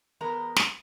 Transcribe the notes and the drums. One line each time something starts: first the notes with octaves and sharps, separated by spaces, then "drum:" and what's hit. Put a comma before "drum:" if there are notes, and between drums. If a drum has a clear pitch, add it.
E2 G#3 B3 A#4 A#5
drum: snare